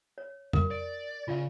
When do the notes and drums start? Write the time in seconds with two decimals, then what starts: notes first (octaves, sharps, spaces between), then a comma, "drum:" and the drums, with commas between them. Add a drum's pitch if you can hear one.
0.18 C#5
0.53 A#4, drum: tom F2
0.71 D5
1.28 C#3 F4 D5 F5